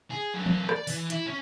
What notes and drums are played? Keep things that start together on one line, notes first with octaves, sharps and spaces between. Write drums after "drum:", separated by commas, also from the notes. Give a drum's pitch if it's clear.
G#4
F#3 D4
drum: tom E3
D5, drum: rim click
E3, drum: open hi-hat
E4, drum: hi-hat
C#4